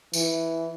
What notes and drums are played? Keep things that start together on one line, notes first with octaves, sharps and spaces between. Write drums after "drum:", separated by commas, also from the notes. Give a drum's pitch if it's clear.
E3, drum: tambourine